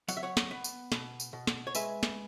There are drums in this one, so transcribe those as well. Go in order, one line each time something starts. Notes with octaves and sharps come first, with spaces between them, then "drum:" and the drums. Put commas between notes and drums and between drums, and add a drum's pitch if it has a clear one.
F#3 F#5, drum: tambourine
E5
C#5 F#5
drum: snare
B3
drum: tambourine
B2, drum: snare
drum: tambourine
B2
drum: snare
C#5
G#3 B4 E5, drum: tambourine
drum: snare